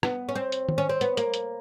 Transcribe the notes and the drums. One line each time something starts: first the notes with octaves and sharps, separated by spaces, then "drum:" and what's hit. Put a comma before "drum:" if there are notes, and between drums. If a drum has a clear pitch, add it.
B3, drum: rim click
C#4
C4
drum: hi-hat
drum: tom D#3
C#4
C4
B3, drum: hi-hat
A#3, drum: hi-hat
drum: hi-hat